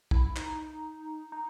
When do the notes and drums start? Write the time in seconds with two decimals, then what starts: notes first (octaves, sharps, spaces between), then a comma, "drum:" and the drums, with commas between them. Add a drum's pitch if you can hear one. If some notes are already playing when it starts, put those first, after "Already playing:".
0.11 E4, drum: kick
0.36 D#4, drum: clap
1.32 D#4